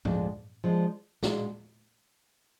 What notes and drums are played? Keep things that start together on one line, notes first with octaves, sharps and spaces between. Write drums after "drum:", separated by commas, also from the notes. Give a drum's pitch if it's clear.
D2 D3 F3 G#3 D4, drum: tom G2
F3 G#3 D4
A#2 G#3 D4 F#4, drum: snare